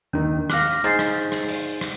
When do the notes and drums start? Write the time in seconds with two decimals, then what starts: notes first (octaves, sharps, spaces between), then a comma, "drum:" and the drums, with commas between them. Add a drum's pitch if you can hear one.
0.13 D#2 D#3 D4
0.50 F5 D6 F6 F#6 A#6, drum: rim click
0.84 D#4 G#4 C5 G6 A6 C7, drum: hi-hat
0.99 drum: rim click
1.32 drum: rim click
1.48 drum: open hi-hat
1.81 drum: rim click